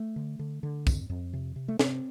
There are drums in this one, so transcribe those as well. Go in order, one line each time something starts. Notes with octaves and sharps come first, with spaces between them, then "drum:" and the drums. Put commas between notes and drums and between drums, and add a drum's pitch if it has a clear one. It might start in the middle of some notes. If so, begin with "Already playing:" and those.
Already playing: A3
D3
D3
D3
F2, drum: kick, tambourine
F2
C3
C3
A3
C3 C4, drum: snare